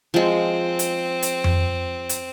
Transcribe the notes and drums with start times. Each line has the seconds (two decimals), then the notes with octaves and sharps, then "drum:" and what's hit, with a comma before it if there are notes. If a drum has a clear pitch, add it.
0.14 F3 G#3 C4
0.79 drum: hi-hat
1.22 drum: hi-hat
1.44 drum: tom F2
2.09 drum: hi-hat